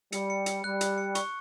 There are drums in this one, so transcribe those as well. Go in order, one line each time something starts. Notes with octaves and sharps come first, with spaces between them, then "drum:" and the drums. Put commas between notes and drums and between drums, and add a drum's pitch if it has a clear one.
G3 C#7, drum: hi-hat
C#7
C#7, drum: hi-hat
G3 F#6
F#6, drum: hi-hat
C#7
C#6, drum: hi-hat